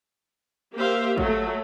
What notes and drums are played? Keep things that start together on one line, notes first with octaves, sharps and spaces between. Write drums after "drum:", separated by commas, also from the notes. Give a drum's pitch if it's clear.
A#3 G4 C5 E5 F5
F#3 A3, drum: kick